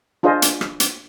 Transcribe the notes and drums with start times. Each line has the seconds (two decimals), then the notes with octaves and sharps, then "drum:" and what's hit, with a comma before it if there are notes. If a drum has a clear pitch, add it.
0.23 D4 F4 G#4 C5 D#5
0.42 drum: hi-hat
0.61 drum: rim click
0.80 drum: hi-hat